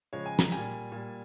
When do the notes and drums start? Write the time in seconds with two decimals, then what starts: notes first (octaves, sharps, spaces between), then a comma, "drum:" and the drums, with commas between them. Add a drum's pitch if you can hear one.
0.13 C#3 F3 G#3 C#5
0.26 G#5
0.39 A#5, drum: snare
0.52 A#2 G3 G#5, drum: hi-hat
0.92 A#2 G3